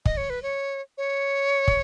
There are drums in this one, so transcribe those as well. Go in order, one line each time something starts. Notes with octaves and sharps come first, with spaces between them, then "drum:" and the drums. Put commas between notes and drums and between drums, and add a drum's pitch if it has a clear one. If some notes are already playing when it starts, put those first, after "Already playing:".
D#5, drum: kick
C#5
B4
C#5
C#5
drum: kick